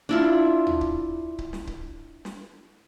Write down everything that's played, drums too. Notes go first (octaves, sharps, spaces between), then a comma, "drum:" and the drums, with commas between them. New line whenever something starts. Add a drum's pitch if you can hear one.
D4 E4 F4
drum: tom D2
drum: kick C#1
drum: kick C#1
drum: snare
drum: kick C#1
drum: snare